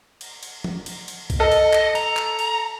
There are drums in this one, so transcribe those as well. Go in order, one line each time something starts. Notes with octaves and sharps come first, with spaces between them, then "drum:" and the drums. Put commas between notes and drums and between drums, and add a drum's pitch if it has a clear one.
drum: cymbal
drum: cymbal
drum: tom F3
drum: cymbal
drum: cymbal
drum: kick C2, cymbal
A4 D#5
drum: cymbal
drum: clap
A#5, drum: cymbal
drum: clap
drum: cymbal